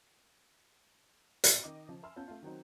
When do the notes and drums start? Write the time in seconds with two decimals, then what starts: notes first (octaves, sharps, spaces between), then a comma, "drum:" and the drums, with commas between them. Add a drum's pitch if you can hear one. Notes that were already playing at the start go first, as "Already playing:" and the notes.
1.44 drum: hi-hat
1.64 D#3 D#5 D6
1.89 C#3 F3
2.03 E5 G#5 B5 C6 E6 F6
2.16 B3 C#4 F4 A5 G6
2.28 A3 F4
2.42 D#3 F#3 C4 D#4